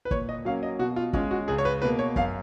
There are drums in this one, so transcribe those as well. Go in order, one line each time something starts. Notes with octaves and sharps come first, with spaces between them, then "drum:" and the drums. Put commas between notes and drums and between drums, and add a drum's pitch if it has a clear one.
B4
A#2 C#5, drum: kick
D#5
F#3 A#3 C#4 F5
D#5
B2 F#4
F4
G#3 C#4 F4, drum: kick
F#4
C#2 G#4
C#5
B4
B2 A#3 B4
C#5
F#2 F5, drum: kick